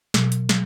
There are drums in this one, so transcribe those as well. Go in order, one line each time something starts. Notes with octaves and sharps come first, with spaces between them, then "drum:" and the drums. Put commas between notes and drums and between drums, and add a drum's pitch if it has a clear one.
B2 F#3, drum: snare
drum: hi-hat
F#3, drum: snare